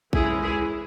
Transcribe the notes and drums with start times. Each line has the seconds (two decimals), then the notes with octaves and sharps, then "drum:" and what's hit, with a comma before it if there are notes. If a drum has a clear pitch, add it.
0.13 E3 G#3 C#4 E4 G#4, drum: kick A#1
0.42 E4 G#4